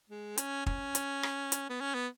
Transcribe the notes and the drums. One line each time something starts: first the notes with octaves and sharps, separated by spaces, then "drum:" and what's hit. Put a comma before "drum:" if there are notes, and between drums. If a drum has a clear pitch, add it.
G#3
C#4, drum: hi-hat
C#4, drum: kick
drum: hi-hat
drum: rim click
drum: hi-hat
B3
C#4
B3